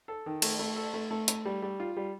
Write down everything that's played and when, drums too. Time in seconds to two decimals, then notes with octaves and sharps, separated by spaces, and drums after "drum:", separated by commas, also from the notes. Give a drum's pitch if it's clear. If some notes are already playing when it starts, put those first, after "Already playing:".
0.08 A4
0.26 D#3
0.42 A3, drum: cymbal
0.59 A3
0.76 A4
0.94 A3
1.11 A3
1.28 A3, drum: hi-hat
1.45 G3
1.62 G3
1.80 F4
1.97 G3